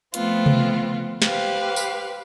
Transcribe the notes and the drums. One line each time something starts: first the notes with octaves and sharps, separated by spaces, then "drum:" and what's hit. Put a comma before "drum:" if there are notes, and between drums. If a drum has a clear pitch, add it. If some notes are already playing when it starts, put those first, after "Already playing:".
F3 A3 B3 C4 F4, drum: hi-hat
drum: tom C3
G4 B4 C5 F5, drum: snare
drum: tambourine